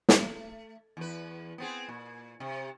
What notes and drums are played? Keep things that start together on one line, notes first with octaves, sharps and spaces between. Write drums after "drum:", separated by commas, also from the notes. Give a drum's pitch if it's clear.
drum: snare
A3
E2 B4
B3 C4 G#4
A#2
C3